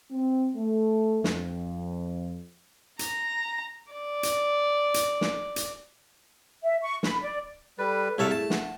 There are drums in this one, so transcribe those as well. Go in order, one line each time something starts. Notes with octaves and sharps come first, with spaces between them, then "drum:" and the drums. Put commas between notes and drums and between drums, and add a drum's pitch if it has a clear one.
C4
A3
F2, drum: snare
A#5, drum: hi-hat
D5
drum: hi-hat
drum: hi-hat
drum: snare
drum: hi-hat
E5
C#6
B5, drum: snare
D5
G3 A4 B4
C2 E4 G#4 A4 C#5 E5 F5
A3 A5
F#5, drum: snare